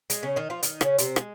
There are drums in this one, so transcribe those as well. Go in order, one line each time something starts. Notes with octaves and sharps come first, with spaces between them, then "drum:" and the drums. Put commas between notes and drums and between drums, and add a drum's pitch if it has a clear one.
G#3, drum: hi-hat
C#3 C#4
D#3 D#4
F3 F4
D#3 D#4, drum: hi-hat
C#3 C#4, drum: rim click
C3 C4, drum: hi-hat
G#3, drum: rim click